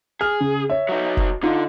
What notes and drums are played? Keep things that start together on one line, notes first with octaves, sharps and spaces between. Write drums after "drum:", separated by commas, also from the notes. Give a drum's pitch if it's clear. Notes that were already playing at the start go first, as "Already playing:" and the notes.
G#4 F6
C#3
C#5 E5
F#3 D#4
drum: kick F1
D3 D#4 F4